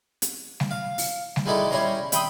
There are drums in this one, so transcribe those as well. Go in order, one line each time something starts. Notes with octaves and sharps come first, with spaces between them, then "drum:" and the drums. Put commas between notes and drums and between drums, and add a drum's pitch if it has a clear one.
drum: hi-hat
drum: snare G3
F5
drum: open hi-hat
drum: snare G3
G3 G#3 D#4 E4 F#4 A4
G3 C#4 E4 C#5 A#5 C6
E5 G5 B5 C6 D#6, drum: hi-hat